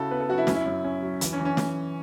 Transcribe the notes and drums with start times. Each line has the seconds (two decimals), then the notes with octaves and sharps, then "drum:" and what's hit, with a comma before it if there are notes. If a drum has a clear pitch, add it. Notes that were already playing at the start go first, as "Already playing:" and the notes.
Already playing: C#3 E4 F#4 A4
0.11 B3 B4
0.20 A4
0.29 F#3 F#4
0.38 E4
0.47 F#2 C#4, drum: snare
0.55 E4
0.66 F#2
0.84 C#4
1.02 F#3
1.21 E3, drum: hi-hat
1.32 C#4
1.39 E3
1.45 C#4
1.57 drum: snare